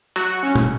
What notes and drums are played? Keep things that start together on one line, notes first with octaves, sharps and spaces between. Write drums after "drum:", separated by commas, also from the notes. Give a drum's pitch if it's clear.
F#3 F#4, drum: hi-hat
F#4
C#4
drum: tom